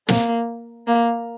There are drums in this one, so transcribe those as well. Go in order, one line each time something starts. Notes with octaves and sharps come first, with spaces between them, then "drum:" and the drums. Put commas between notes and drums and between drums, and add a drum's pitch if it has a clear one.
A#3, drum: snare
A#3